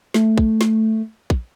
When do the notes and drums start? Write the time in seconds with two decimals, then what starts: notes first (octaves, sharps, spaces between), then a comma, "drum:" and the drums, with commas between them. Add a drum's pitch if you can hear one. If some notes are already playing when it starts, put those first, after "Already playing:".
0.14 A3, drum: snare
0.38 drum: kick
0.61 drum: snare
1.30 drum: kick